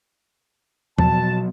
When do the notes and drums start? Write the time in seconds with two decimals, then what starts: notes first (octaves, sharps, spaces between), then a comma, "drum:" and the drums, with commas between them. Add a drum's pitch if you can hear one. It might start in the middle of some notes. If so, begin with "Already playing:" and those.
0.98 B2 F3 F#3 B3 A5, drum: tom E2